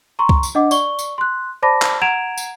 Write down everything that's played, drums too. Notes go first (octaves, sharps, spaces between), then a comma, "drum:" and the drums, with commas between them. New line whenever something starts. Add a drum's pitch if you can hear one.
A#5 C6 C#6
drum: kick
drum: tambourine
D4 D#5 F#5 D6
D5 C#6 G7, drum: tambourine
drum: tambourine
C6 F#6
C5 D5 A5 B5 D6 A#6
drum: clap
F#5 A#5 G#6 D7 E7 F7
drum: tambourine